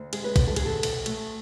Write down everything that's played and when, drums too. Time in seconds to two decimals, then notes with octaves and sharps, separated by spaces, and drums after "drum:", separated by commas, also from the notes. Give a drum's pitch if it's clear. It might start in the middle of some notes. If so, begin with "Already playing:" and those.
Already playing: D2
0.13 G#3 G#4, drum: cymbal
0.24 B4
0.36 D2 B4, drum: kick, cymbal
0.47 A4
0.56 B2 G#4, drum: cymbal
0.66 A4
0.83 B2, drum: cymbal
1.06 A3, drum: cymbal